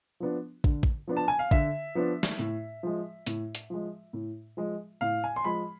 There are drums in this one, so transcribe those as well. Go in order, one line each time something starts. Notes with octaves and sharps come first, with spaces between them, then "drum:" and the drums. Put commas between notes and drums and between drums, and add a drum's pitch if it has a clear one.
F3 B3 D4
D3, drum: kick
drum: kick
F3 B3 D4
A5
G#5
F5
D3 E5, drum: kick
F3 B3 D4
drum: snare
A2
F3 G#3
A2, drum: hi-hat
drum: hi-hat
F3 G#3
A2
F3 G#3
A2 F5
G#5
C6
F3 G#3 B5